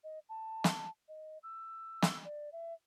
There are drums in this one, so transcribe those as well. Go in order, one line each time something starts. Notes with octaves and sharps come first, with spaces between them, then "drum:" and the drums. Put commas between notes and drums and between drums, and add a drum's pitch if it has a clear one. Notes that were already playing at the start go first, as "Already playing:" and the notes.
D#5
A5
drum: snare
D#5
E6
drum: snare
D5
E5